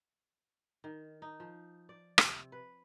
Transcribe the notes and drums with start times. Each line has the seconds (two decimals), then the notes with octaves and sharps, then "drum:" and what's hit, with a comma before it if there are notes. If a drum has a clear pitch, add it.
0.84 D#3
1.22 D#4
1.40 F3
1.89 D5
2.18 C3, drum: rim click
2.52 B4